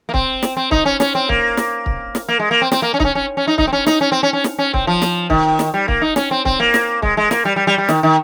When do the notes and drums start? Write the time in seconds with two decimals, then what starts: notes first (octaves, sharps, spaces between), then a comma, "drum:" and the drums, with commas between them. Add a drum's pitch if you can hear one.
0.09 A#3
0.14 C4, drum: kick C#1
0.43 drum: snare
0.57 C4
0.71 D#4, drum: kick C#1
0.85 C#4
1.00 C#4, drum: snare
1.15 C4
1.29 A#3, drum: kick C#1
1.57 drum: snare
1.86 drum: kick C#1
2.15 drum: snare
2.28 A#3
2.39 G#3
2.51 A#3
2.62 C4
2.72 C4, drum: snare
2.82 A#3
2.94 C#4
3.00 D#4, drum: kick C#1
3.05 C#4
3.15 C#4
3.37 C#4
3.47 D#4
3.58 D#4, drum: kick C#1
3.67 C4
3.73 C#4
3.86 D#4, drum: snare
4.01 C#4
4.12 C4
4.23 C#4
4.33 C#4
4.44 drum: snare
4.59 C#4
4.74 C4, drum: kick C#1
4.87 F3
5.02 drum: snare
5.30 D#3, drum: kick C#1
5.59 drum: snare
5.74 G3
5.88 A#3, drum: kick C#1
6.02 D#4
6.16 C#4, drum: snare
6.31 C4
6.45 C4, drum: kick C#1
6.60 A#3
6.74 drum: snare
7.02 G#3, drum: kick C#1
7.17 G#3
7.31 A#3, drum: snare
7.45 G3
7.56 G3
7.67 G3
7.78 G3
7.89 D#3, drum: snare
8.03 D#3